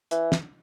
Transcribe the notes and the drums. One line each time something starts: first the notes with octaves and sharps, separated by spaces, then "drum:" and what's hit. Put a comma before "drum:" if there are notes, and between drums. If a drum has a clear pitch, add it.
E3, drum: hi-hat
drum: snare